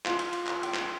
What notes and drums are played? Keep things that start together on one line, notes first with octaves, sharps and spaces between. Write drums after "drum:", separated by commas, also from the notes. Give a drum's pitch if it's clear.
F4, drum: clap
drum: cymbal
drum: cymbal
drum: clap
G5, drum: cymbal
drum: clap